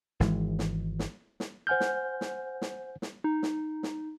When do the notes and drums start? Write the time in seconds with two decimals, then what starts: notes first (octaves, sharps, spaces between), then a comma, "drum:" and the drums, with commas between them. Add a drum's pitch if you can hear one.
0.20 G#1 E3 G#3, drum: snare
0.59 drum: snare
0.99 drum: snare
1.40 drum: snare
1.67 C5 F#5 G#5 F6 G6
1.80 drum: snare
2.21 drum: snare
2.62 drum: snare
3.02 drum: snare
3.24 D#4
3.43 drum: snare
3.83 drum: snare